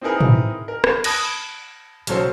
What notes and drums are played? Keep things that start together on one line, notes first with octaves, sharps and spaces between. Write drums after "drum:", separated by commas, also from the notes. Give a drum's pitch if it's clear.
C4 D#4 E4 G#4 A#4 B4
drum: tom
A#4
drum: rim click
A5 B5 D#6 F#6 G#6 A#6, drum: cymbal
B1 C#3 F#3 A4 C5, drum: hi-hat